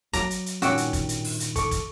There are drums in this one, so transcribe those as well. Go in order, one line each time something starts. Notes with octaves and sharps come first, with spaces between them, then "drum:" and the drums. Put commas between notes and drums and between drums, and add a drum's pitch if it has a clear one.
F#3 A#5 D6, drum: kick, hi-hat
drum: hi-hat
drum: hi-hat
G2 A#2 D#3 C#4 F#4 G4 D6 E6, drum: hi-hat
drum: hi-hat
drum: kick, hi-hat
drum: hi-hat
drum: open hi-hat
drum: hi-hat
A4 C#6 D6, drum: kick, hi-hat
drum: kick, hi-hat